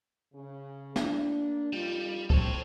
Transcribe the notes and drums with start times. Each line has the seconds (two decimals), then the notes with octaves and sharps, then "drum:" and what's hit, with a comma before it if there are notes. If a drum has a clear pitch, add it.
0.33 C#3
0.96 A#3 D4, drum: snare
1.73 F2 G3 D#4 F4
2.30 C4 A4 C#5, drum: kick C#2